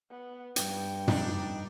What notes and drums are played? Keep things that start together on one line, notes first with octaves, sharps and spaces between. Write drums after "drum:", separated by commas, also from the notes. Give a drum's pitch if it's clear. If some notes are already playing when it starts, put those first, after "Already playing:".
B3
G2 G5, drum: hi-hat
D4 D#4, drum: tom